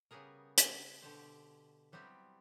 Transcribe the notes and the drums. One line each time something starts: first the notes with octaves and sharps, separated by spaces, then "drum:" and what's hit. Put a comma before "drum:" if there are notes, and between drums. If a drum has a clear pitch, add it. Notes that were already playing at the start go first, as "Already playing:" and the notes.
C#3 G3 B3 G#4 A#4
drum: hi-hat
B2 D3 G4 C5
F#3 G3 B3 C4 E4